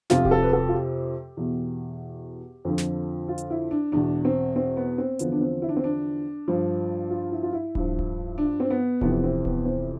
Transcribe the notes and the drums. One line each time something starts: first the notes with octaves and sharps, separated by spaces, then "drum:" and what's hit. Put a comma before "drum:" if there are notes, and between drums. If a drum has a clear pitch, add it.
F2 C3 F3 F4, drum: snare
G4, drum: kick D1
A4
B4
A4
F4
G4
E2 B2
F2 D3 F3
drum: snare
F4
drum: hi-hat
E4
D4
E2 B2 D4
C4
C4
B3
C4
E2 D3 F3 B3, drum: hi-hat
D4
C4
E4
D4
C4
D4
G2 F3
F4
E4
F4
E4
G2 F3, drum: kick D1
drum: kick D1
D4
C4
B3
F2 C3 E3 B3, drum: kick D1
B3
C4
B3, drum: kick D1
C4